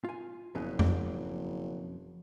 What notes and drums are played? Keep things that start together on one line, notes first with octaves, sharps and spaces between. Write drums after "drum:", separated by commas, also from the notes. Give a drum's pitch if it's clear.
F4 G#5
F#1 F2 B2 G#4
drum: tom F2